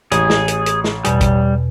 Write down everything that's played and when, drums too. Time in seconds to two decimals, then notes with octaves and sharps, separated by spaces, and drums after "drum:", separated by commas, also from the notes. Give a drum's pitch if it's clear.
0.12 A1 G#4, drum: hi-hat
0.30 drum: snare
0.48 drum: hi-hat
0.66 drum: hi-hat
0.84 drum: snare
1.05 E2 B2 G3, drum: hi-hat
1.21 drum: kick, hi-hat